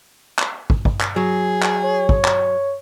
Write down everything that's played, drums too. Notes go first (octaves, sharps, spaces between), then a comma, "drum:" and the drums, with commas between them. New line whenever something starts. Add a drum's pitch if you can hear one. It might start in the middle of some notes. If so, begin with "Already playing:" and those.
drum: clap
drum: kick
drum: kick
drum: clap
F#3 G#4
drum: clap
C#5
drum: kick
drum: clap